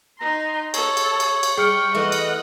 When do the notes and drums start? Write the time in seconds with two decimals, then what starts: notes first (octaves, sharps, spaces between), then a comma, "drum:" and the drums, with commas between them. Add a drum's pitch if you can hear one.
0.20 D#4 A#5 C6
0.74 A4 C#5, drum: cymbal
0.97 drum: cymbal
1.20 drum: cymbal
1.43 drum: cymbal
1.57 G3 G#4 G5 C#6 F6 C#7
1.95 E3 A3 D#5 F#5
2.12 drum: cymbal